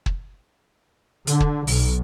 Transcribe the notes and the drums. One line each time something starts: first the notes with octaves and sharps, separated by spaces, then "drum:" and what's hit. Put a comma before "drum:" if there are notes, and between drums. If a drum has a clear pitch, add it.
drum: kick
D3, drum: hi-hat
drum: kick
B1, drum: open hi-hat